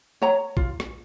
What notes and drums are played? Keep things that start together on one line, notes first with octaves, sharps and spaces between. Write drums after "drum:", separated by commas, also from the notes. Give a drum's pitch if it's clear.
C#5 A#5
F4, drum: kick A#1
drum: rim click